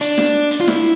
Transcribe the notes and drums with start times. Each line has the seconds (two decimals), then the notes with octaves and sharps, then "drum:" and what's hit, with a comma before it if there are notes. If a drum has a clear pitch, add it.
0.01 D4, drum: hi-hat
0.18 drum: snare
0.51 drum: hi-hat
0.60 F4
0.68 E4, drum: snare